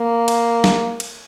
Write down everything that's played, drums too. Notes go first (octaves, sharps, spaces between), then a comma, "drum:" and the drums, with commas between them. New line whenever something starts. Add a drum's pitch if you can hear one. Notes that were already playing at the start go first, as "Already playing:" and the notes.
Already playing: A#3
drum: cymbal
drum: snare
drum: cymbal